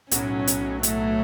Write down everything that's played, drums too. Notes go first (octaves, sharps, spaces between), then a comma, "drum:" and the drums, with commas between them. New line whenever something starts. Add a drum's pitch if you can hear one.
B1 A2 F#3 C#4, drum: hi-hat
drum: hi-hat
A3, drum: hi-hat